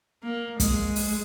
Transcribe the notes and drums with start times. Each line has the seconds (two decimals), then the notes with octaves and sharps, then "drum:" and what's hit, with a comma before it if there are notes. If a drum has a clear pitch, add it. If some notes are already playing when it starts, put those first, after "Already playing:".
0.23 A#3
0.60 G#3, drum: kick, hi-hat
0.96 drum: open hi-hat